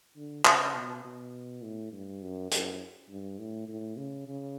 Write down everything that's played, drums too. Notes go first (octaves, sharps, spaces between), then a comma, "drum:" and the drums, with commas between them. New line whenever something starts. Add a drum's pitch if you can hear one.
D3
C#3, drum: clap
B2
B2
A2
G2
F#2
F#2, drum: hi-hat
G2
A2
A2
C#3
C#3